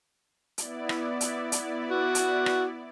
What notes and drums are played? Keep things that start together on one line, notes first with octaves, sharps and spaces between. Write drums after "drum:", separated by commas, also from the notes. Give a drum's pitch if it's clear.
B3 E4 D5, drum: hi-hat
drum: rim click
drum: hi-hat
drum: hi-hat
F#4
drum: hi-hat
drum: rim click